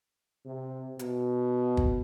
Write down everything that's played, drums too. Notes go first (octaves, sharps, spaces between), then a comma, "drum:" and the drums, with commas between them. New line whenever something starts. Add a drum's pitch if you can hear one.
C3
B2, drum: hi-hat
drum: kick